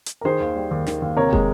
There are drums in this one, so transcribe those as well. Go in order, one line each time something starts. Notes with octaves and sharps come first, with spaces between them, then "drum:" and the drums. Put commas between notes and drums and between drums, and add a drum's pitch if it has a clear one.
drum: hi-hat
A#4
D#3 G#4 C5
D#2
G3
D#2
D#3, drum: snare
D#2
C3 A#4 C#5
G#3, drum: kick